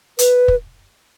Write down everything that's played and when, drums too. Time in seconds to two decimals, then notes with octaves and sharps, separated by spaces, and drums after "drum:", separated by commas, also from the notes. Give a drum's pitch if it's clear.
0.19 B4, drum: hi-hat
0.48 drum: kick